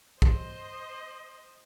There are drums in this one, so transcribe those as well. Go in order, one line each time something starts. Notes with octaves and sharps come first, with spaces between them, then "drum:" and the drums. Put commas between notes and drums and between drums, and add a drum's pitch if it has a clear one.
C5 D#5, drum: kick